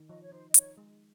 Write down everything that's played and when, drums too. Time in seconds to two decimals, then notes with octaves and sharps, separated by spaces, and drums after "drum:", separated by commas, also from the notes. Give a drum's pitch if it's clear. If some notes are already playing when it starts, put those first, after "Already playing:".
Already playing: D#3
0.09 F3 D#5
0.21 C#5
0.32 D#4 C5
0.49 D#5
0.54 D#4 C#5, drum: hi-hat
0.77 G#3